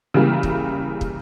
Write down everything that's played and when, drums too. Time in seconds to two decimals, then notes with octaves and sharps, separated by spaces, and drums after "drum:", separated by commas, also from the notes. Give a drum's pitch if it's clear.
0.14 C#3 E3 G3 A#3
0.43 drum: kick
1.01 drum: kick